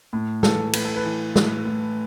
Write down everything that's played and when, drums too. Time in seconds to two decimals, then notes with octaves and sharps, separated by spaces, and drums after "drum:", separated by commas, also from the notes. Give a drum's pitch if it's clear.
0.13 A2
0.43 E3 A4, drum: snare
0.73 A2 B4, drum: cymbal
0.85 A4
0.96 B4
1.05 E3
1.36 A2, drum: snare
1.65 A2